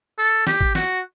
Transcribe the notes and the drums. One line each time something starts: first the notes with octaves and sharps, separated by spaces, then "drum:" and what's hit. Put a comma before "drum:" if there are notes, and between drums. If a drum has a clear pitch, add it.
A4
G4, drum: snare
drum: kick A1
F#4, drum: snare